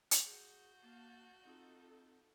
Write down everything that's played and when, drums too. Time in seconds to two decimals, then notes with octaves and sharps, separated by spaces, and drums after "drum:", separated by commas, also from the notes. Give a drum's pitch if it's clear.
0.11 drum: hi-hat
0.24 F#4 G#4 G6
0.82 A#3 F5 A5
1.44 C4 D#4 F4 A4